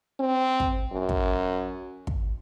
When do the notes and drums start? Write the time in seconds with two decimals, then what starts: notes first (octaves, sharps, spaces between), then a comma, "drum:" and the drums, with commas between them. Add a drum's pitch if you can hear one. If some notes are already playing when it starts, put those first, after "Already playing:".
0.20 C4
0.60 drum: kick
0.93 F#2
1.09 drum: kick
2.07 drum: kick